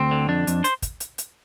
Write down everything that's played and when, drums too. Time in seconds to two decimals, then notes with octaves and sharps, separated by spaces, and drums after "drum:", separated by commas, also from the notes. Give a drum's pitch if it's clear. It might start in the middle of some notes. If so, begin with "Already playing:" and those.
Already playing: D2 C4
0.11 D3
0.29 F2 D4
0.47 F2, drum: hi-hat
0.64 C5, drum: hi-hat
0.82 drum: kick, hi-hat
1.00 drum: hi-hat
1.18 drum: hi-hat